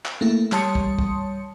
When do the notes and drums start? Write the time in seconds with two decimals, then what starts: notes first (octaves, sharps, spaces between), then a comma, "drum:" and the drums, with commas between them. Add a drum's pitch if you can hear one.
0.05 drum: clap
0.21 A3 A#3 E4
0.52 G3 C#5 A5 C6 D#6 C#7, drum: clap
0.75 drum: kick
0.99 drum: kick